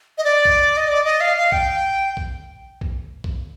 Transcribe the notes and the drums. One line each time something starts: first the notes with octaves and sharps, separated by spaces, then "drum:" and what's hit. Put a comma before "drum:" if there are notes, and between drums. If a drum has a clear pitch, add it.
D#5
D5
drum: kick
D#5
D5
D#5
F5
F5
G5, drum: kick
drum: kick
drum: kick
drum: kick